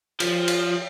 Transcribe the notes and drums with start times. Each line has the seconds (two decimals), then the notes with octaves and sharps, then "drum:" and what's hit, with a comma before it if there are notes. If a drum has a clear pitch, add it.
0.20 F3, drum: cymbal
0.48 drum: cymbal